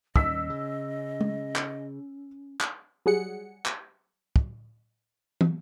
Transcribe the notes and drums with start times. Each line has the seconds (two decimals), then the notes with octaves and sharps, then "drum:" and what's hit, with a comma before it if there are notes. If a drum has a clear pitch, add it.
0.16 D#2 G3 C#4 D#5 E6 B6, drum: kick
0.50 C#3
1.21 drum: tom
1.56 drum: clap
2.61 drum: clap
3.06 F#3 G3 G#4 F#5 C#7
3.66 drum: clap
4.36 drum: kick
5.41 drum: tom